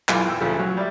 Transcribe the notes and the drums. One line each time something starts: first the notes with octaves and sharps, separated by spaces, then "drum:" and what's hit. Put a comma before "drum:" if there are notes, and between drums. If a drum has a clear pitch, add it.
B1 F#2 E3 F4 A4 D6, drum: clap
E2 G5 E6
D2 C#3 F3 A3
F#3
G3 D5 E5